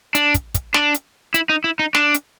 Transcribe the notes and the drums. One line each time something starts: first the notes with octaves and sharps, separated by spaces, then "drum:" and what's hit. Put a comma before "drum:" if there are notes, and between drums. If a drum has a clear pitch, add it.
D4, drum: hi-hat
drum: kick, hi-hat
drum: kick, hi-hat
D4, drum: snare
drum: hi-hat
E4, drum: hi-hat
D#4
E4
D#4
D4, drum: snare
drum: hi-hat